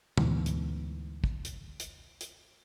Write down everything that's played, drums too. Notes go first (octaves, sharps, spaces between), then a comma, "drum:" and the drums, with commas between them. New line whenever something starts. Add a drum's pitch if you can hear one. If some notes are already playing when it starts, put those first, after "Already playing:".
D2 G#2 B2 E3, drum: tom
drum: hi-hat
drum: kick
drum: hi-hat
drum: hi-hat
drum: hi-hat